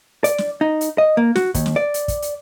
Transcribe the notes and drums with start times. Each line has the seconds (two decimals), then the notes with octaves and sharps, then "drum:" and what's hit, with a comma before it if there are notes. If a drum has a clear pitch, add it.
0.24 D5, drum: hi-hat
0.38 drum: snare
0.61 D#4
0.81 drum: hi-hat
0.98 D#5
1.17 A#3
1.36 F#4, drum: snare
1.54 D#2, drum: kick, hi-hat
1.66 drum: snare
1.76 D5
1.94 drum: hi-hat
2.08 drum: kick, hi-hat
2.22 drum: hi-hat